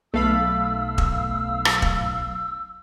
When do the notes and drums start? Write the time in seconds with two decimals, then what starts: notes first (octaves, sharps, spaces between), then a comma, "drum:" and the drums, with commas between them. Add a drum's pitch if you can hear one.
0.14 B1 A3 A4 F5 B5 E6
0.98 drum: kick E1
1.65 drum: rim click
1.82 drum: kick E1